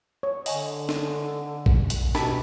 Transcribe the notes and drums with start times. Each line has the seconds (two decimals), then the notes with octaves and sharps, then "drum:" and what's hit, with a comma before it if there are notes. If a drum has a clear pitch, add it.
0.23 C#5
0.46 D3 D#5 G#5, drum: open hi-hat
0.89 drum: snare
1.66 drum: kick A#1
1.90 drum: hi-hat
2.15 B2 G4 A5 B5, drum: snare